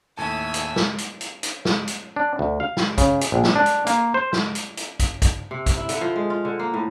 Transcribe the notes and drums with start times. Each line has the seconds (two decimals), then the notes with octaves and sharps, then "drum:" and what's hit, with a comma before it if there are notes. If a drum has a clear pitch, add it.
0.18 D#2 A2 E5 G#5 A5
0.54 drum: hi-hat
0.76 drum: snare
0.98 drum: hi-hat
1.21 drum: hi-hat
1.43 drum: hi-hat
1.65 drum: snare
1.88 drum: hi-hat
2.16 D4
2.39 D2
2.60 F5
2.77 drum: snare
2.98 C#3, drum: kick, hi-hat
3.21 drum: hi-hat
3.32 A#1
3.44 drum: snare
3.56 D4
3.66 drum: hi-hat
3.87 A#3, drum: hi-hat
4.14 C5
4.33 drum: snare
4.55 drum: hi-hat
4.77 drum: hi-hat
5.00 drum: kick, hi-hat
5.22 drum: kick, hi-hat
5.51 C3
5.66 drum: kick, hi-hat
5.77 E4
5.89 D3, drum: hi-hat
6.01 F3
6.16 G#3
6.30 F4
6.45 D3
6.59 A#3
6.74 A2